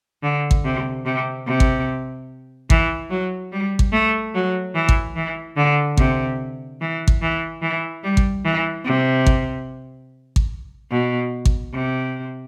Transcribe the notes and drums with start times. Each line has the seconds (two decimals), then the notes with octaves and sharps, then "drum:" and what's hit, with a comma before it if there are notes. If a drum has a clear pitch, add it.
0.23 D3
0.51 drum: kick G#1
0.64 C3
1.05 C3
1.47 C3
1.60 drum: kick G#1
2.70 E3, drum: kick G#1
3.10 F#3
3.52 G3
3.79 drum: kick G#1
3.92 A3
4.34 F#3
4.75 E3
4.89 drum: kick G#1
5.16 E3
5.57 D3
5.97 C3, drum: kick G#1
6.81 E3
7.08 drum: kick G#1
7.22 E3
7.62 E3
8.03 G3
8.17 drum: kick G#1
8.45 E3
8.85 C3
9.26 drum: kick G#1
10.36 drum: kick G#1
10.91 B2
11.45 drum: kick G#1
11.73 C3